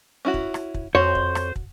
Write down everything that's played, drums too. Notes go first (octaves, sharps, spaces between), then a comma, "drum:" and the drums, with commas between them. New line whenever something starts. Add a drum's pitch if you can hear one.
C#4 E4 F#4
drum: kick
drum: rim click
drum: kick
F2 F#4 C5 C#5
drum: kick
drum: rim click
drum: kick